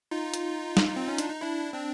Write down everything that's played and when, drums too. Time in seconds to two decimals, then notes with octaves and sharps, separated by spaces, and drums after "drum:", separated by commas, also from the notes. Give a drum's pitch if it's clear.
0.11 D#4 F4
0.34 drum: hi-hat
0.77 drum: snare
0.96 C4
1.08 C#4
1.18 D4, drum: hi-hat
1.30 D#4
1.41 D4 E4
1.73 C4 D4